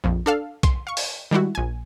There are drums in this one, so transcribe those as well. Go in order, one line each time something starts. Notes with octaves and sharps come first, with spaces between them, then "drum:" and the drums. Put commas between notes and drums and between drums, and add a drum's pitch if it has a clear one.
A#1 F2
D4 A4 F5
C6, drum: kick B1, hi-hat
F5 C#6
drum: open hi-hat
D#3 G3 G#3 E4 F#4
A#1 G#5